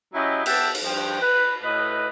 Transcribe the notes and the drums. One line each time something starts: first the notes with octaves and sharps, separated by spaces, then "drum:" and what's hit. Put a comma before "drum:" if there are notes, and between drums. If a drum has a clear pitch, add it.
F#3 C#4 E4 G4 D#5
B3 G4 E5 G5 A5, drum: cymbal
drum: cymbal
G2 F3 G5
B4
A2 B4 D#5